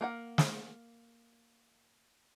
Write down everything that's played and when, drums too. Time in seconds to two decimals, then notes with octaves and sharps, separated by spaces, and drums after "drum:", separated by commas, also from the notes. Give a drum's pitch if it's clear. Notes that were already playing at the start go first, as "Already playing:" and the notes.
0.01 A#3 A#4 F#5
0.38 drum: snare